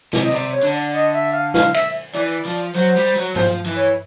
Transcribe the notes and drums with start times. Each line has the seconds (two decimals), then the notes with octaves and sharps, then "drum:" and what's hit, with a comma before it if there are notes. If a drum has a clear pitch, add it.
0.13 C3, drum: snare
0.25 D#5
0.32 C3 D5
0.53 C#5
0.63 D3
0.73 D5
0.94 D#5
1.14 E5
1.33 F5
1.54 F5, drum: snare
1.74 E5, drum: cymbal
2.15 E3 D5
2.45 F3
2.75 F#3 C5
2.96 G3
3.16 F#3
3.36 F3 C5, drum: tom G2
3.66 E3
3.77 C#5